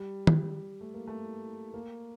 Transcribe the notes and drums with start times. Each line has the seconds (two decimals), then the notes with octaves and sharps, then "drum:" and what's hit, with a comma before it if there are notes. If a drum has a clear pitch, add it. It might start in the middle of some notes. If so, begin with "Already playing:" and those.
Already playing: G3
0.27 drum: tom
0.81 A3
0.94 A#3
1.07 A3
1.74 A#3